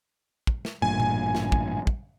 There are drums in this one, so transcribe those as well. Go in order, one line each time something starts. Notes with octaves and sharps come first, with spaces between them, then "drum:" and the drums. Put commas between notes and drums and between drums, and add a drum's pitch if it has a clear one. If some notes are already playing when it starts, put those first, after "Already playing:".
drum: kick
drum: snare
A1 G2 A#2 G#5
drum: tom A#2
drum: snare
drum: kick
drum: kick